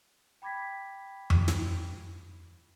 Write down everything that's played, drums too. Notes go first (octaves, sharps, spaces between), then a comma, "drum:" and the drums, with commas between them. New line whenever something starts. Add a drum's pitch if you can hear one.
G5 B5 D6 G#6 A#6 B6
drum: tom F2
drum: snare